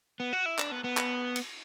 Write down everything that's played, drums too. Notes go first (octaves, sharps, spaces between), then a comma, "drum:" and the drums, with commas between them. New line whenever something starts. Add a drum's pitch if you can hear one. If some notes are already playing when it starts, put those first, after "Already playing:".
B3
F#4
E4
D4, drum: clap
B3
B3
drum: clap
drum: cymbal